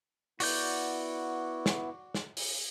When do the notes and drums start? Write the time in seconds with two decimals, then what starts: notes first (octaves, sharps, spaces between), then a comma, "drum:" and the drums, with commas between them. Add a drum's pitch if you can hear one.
0.40 B3 E4 F#4 D5 G6, drum: open hi-hat
1.66 drum: snare
2.15 drum: snare
2.37 drum: open hi-hat